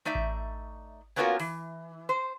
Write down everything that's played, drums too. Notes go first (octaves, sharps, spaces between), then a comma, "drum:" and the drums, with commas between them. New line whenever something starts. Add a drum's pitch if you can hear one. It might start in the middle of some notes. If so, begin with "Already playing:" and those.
A3 D#4 D5 E5
drum: kick A1
A#3 B3 C#4 F4 F#4 A#4
E3, drum: open hi-hat
C5